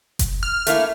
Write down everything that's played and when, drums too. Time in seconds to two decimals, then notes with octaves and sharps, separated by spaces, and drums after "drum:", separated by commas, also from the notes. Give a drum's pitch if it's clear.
0.19 drum: kick F#1, hi-hat
0.43 F6
0.67 A3 A#3 E4, drum: hi-hat